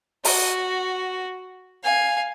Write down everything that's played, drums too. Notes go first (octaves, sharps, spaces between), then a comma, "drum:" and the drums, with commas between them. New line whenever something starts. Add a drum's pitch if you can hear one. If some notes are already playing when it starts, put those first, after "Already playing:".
F#4, drum: open hi-hat
F5 G#5